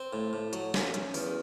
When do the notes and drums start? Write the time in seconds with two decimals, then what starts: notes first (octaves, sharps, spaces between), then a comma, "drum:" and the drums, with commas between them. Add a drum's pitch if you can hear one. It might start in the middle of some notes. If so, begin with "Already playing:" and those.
Already playing: C4
0.13 A2
0.33 A2
0.53 F#3, drum: hi-hat
0.74 F#2, drum: snare
0.94 F#2, drum: hi-hat
1.14 E2, drum: open hi-hat